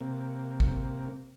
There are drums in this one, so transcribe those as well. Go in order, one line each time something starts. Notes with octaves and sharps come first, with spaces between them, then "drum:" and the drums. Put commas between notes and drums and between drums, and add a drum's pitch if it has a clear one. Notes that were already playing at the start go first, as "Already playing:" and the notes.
C3 A#3
drum: kick G#1